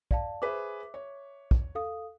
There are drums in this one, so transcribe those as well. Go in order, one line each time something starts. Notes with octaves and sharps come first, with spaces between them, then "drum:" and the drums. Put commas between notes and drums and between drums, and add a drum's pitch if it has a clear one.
D5 F5 A5, drum: kick
G#4 B4 C5 E5 D6
C#5
drum: kick
A4 F5 D#6